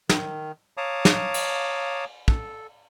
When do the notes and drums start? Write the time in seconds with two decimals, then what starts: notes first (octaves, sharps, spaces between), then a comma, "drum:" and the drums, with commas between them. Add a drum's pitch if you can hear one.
0.09 D#3, drum: snare
0.77 C#5 F5 A5 A#5 D6 D#6
1.05 drum: snare
1.34 drum: cymbal
2.28 A4, drum: kick